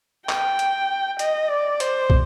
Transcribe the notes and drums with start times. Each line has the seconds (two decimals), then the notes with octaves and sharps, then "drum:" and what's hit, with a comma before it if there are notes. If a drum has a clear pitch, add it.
0.29 G5, drum: clap
0.59 drum: hi-hat
1.19 D#5, drum: hi-hat
1.50 D5
1.80 C5, drum: hi-hat
2.10 drum: kick